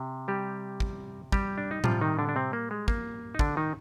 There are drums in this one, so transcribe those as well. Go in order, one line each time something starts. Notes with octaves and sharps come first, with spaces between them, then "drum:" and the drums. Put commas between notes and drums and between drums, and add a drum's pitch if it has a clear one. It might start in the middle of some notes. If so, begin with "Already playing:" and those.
Already playing: C3
G3 G4
drum: kick
G3 G4, drum: kick
D4
D#4
C3 F3 G3 F4, drum: tom A2
D#3 D#4
D3 D4
D4
C3 C4
A#3
G#3
A#3, drum: kick
D#4
D3 D4, drum: kick
D#3 D#4